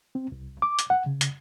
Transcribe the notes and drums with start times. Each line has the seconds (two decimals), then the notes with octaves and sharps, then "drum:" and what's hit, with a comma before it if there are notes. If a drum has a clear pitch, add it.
0.15 C4
0.32 C2
0.62 D6
0.79 drum: hi-hat
0.90 F#5
1.06 C#3
1.21 drum: hi-hat